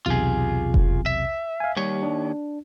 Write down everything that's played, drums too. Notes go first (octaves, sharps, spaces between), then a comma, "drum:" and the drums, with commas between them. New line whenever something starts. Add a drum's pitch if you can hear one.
B1 E2 C3 F4 G#4
drum: kick F1
E5
F5 G#5
D#2 G3 C#5
D4